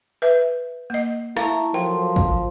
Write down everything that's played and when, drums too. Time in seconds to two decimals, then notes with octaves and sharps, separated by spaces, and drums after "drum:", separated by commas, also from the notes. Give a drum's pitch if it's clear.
0.22 B4 E5
0.90 A#3 D#5
1.37 E4 F5 A5 A#5 C#6, drum: rim click
1.74 F3 F#3 A4 A#4 G5 C6
2.16 drum: kick